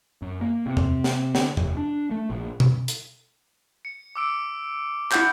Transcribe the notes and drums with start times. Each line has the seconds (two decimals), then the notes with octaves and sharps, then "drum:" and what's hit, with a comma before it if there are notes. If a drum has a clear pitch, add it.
0.22 F#2
0.41 A#3
0.66 C3
0.77 drum: tom E2
1.04 drum: snare
1.35 D3, drum: snare
1.57 F1, drum: tom E2
1.77 D4
2.11 A3
2.30 A#1
2.60 drum: tom B2
2.88 drum: hi-hat
3.85 C#7
4.16 D6 E6 D7
5.12 E4 F#5 G6, drum: clap